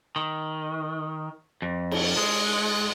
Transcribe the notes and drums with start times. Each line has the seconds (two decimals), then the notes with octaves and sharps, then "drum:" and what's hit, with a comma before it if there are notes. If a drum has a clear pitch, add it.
0.16 D#3
1.62 F2
1.91 drum: cymbal
2.17 G#3